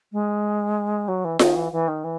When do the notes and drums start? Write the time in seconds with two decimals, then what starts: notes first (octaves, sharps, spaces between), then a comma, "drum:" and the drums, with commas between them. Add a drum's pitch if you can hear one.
0.12 G#3
1.08 F#3
1.24 E3
1.39 D#3, drum: snare F4
1.55 E3
1.72 E3
1.87 D#3
2.04 E3